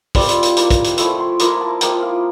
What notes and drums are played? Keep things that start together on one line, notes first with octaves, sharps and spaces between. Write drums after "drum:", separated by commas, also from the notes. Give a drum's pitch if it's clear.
G3 C4 F4 D5, drum: kick, open hi-hat
E5, drum: hi-hat
F5, drum: hi-hat
A#3 E4, drum: hi-hat
drum: kick, hi-hat
drum: hi-hat
F3 A3 E4 E5, drum: hi-hat
C6
F3 A#3 E4 A#5, drum: hi-hat
A5
F3 A#3 E4 G5, drum: hi-hat
F5